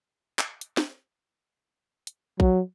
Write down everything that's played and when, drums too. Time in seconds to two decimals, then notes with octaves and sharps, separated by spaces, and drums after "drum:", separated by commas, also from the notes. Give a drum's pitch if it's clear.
0.39 drum: clap
0.61 drum: hi-hat
0.77 drum: snare
2.07 drum: hi-hat
2.40 F#3, drum: kick